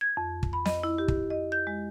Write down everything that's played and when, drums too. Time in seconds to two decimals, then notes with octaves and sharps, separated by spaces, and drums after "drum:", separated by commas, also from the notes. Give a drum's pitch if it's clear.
0.01 G#6
0.17 F2
0.43 drum: kick
0.53 B5
0.66 D#5, drum: snare
0.83 E4
0.98 G4
1.08 drum: kick
1.30 D#5
1.52 G6
1.67 G#3